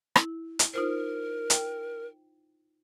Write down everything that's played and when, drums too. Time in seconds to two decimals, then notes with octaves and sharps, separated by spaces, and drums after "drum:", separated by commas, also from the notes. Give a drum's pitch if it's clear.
0.16 E4, drum: rim click
0.59 drum: hi-hat
0.74 D#4 F4 A#4 C5
1.50 G5, drum: hi-hat